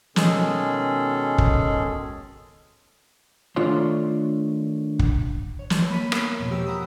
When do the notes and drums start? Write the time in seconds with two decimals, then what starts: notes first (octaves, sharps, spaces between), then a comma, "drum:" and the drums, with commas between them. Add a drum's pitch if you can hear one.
0.16 B2 D#3 G#3 C#4 G#4 A4, drum: snare
1.38 drum: kick
3.56 D#3 A3 D4 F4 C#5 C6
4.99 drum: kick
5.59 C#5
5.70 drum: snare
5.90 A#3 B5 C#6 B6 D#7
6.12 B3 A#4 C#5, drum: rim click
6.40 E2 G#2 B2 F3
6.51 G4 A#4 G5 E6
6.67 F#5 A#5 B5 D#6